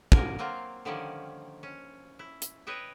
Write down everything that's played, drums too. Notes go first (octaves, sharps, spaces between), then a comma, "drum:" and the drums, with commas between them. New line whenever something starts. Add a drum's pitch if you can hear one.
D3 A#3 A#4 G#5, drum: kick
F#3 A#3 C4 F4
D3 D#3 F3 G3 A#3 C#4
C#4
E4
drum: hi-hat
B4 C#5 D#5 E5 G5